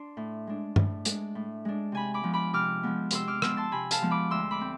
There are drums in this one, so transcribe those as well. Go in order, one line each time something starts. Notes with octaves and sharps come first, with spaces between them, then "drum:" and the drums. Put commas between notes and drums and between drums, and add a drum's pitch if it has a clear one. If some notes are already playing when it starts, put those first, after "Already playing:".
Already playing: D4 C6
A2
G#3 D4
A2, drum: tom G2
G#3 D4, drum: hi-hat
A2
G#3 D4
C3 G#5 B5
B5 D6
F3 G#3 B3
B5 D6
C3 D6 F6
F3 G#3 B3
C3 C6 E6, drum: hi-hat
D6 F6
F3 G#3 B3 C6 E6, drum: rim click
A5 C6
C3 G#5 B5
F5 A5, drum: hi-hat
F3 G#3 B3
B5 D6
D2 C6 E6
B5 D6
C4